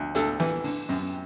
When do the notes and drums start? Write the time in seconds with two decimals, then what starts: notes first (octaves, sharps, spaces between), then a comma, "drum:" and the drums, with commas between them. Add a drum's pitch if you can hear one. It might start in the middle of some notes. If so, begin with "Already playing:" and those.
Already playing: D2
0.15 D2 A4, drum: hi-hat
0.40 E3, drum: snare
0.64 D3, drum: open hi-hat
0.89 F#2, drum: open hi-hat